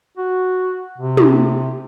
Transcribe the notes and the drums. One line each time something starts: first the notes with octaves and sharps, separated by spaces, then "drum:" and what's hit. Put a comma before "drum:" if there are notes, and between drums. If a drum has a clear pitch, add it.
F#4
C3
drum: tom